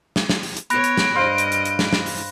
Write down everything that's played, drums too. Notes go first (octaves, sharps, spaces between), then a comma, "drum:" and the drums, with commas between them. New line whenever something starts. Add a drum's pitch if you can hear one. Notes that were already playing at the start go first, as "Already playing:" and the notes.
drum: snare
drum: snare
drum: open hi-hat
drum: hi-hat
B3 C#5 B5 F#6 A#6 D7, drum: hi-hat
drum: hi-hat
drum: snare
G2 C5 D#5 F5
drum: hi-hat
drum: hi-hat
drum: hi-hat
drum: snare
drum: snare
drum: open hi-hat